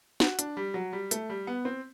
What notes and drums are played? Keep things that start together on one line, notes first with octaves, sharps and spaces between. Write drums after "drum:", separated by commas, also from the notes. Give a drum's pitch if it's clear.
F#4, drum: snare
D4, drum: hi-hat
G3
F#3
G3
A3, drum: hi-hat
G3
B3
C4